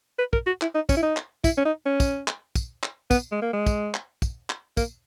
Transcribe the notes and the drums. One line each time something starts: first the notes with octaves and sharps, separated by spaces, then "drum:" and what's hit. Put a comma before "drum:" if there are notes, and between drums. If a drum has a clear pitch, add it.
B4
A#4, drum: kick
F#4
E4, drum: clap
D#4
C#4, drum: kick, tambourine
E4
D#4
drum: clap
E4, drum: kick, tambourine
C#4
D#4
C#4
drum: kick, tambourine
drum: clap
drum: kick, tambourine
drum: clap
B3, drum: kick, tambourine
G#3
A#3
G#3
drum: kick, tambourine
drum: clap
drum: kick, tambourine
drum: clap
A#3, drum: kick, tambourine